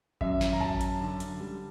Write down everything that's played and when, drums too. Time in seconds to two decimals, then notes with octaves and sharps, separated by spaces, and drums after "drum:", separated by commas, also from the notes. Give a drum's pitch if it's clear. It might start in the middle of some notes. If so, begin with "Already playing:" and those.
0.21 F#2 E5, drum: kick G#1
0.41 drum: snare
0.53 A#5
0.61 F#2 A5, drum: kick G#1
0.81 drum: hi-hat
1.01 D3
1.20 drum: hi-hat
1.40 G3